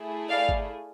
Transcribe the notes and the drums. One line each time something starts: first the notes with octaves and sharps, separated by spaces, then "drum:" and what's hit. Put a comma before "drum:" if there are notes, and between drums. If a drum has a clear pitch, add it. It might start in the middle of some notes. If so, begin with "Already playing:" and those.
Already playing: A3 E4 G#4
D5 F5
drum: kick G#1